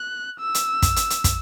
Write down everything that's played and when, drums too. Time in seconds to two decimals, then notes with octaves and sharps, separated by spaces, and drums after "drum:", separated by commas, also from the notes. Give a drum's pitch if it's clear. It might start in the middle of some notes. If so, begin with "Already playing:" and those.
Already playing: F#6
0.40 E6
0.55 drum: hi-hat
0.82 drum: kick, hi-hat
0.96 drum: hi-hat
1.10 drum: hi-hat
1.24 drum: kick, hi-hat